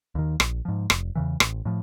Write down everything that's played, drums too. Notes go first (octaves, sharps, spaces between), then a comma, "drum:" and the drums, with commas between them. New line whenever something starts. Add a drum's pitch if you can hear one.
D#2 D#3
A#1, drum: rim click
G#2 F3
F1, drum: rim click
E2 C#3 E3
A1, drum: rim click
A2 F3